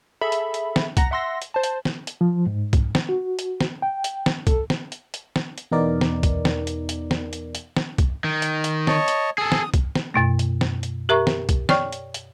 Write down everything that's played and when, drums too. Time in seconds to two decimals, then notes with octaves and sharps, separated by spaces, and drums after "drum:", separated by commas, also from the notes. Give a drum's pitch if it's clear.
0.21 G#4 A4 E5 B5
0.32 drum: hi-hat
0.54 drum: hi-hat
0.76 drum: snare
0.97 F#5 A#5 A#6, drum: kick, hi-hat
1.11 E5 F#5 C6 E6 A#6
1.42 drum: hi-hat
1.54 C5 A5
1.63 drum: hi-hat
1.85 drum: snare
2.07 drum: hi-hat
2.21 F3
2.46 G#2
2.73 drum: kick, hi-hat
2.95 drum: snare
3.09 F#4
3.39 drum: hi-hat
3.61 drum: snare
3.82 G5
4.04 drum: hi-hat
4.26 drum: snare
4.47 A4, drum: kick, hi-hat
4.70 drum: snare
4.92 drum: hi-hat
5.14 drum: hi-hat
5.36 drum: snare
5.58 drum: hi-hat
5.71 E2 B2 B3 D#4 A#4 D5
6.01 drum: snare
6.23 drum: kick, hi-hat
6.45 drum: snare
6.67 drum: hi-hat
6.89 drum: hi-hat
7.11 drum: snare
7.33 drum: hi-hat
7.55 drum: hi-hat
7.77 drum: snare
7.98 drum: kick, hi-hat
8.24 D#3
8.42 drum: hi-hat
8.64 drum: hi-hat
8.87 C#5 D#5 A5, drum: snare
9.08 drum: hi-hat
9.38 G#4 A4 D#6
9.52 drum: snare
9.74 drum: kick, hi-hat
9.95 drum: snare
10.14 F#2 B2 A3
10.39 drum: hi-hat
10.61 drum: snare
10.83 drum: hi-hat
11.09 G4 A#4 E5 A#5 C#6
11.27 drum: snare
11.49 drum: kick, hi-hat
11.69 C#5 D5 G5 C#6 F6, drum: snare
11.93 drum: hi-hat
12.14 drum: hi-hat